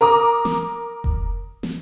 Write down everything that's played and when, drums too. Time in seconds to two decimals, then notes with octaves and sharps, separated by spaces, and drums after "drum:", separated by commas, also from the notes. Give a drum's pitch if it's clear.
0.01 A#4 A#5 D6 D#6
0.45 drum: snare
1.04 drum: kick F1
1.63 drum: snare